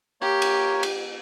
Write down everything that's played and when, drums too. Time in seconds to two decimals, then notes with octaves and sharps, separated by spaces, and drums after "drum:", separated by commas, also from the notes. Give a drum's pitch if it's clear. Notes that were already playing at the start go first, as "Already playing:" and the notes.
0.21 A#3 G4 C#5
0.42 drum: cymbal
0.83 drum: cymbal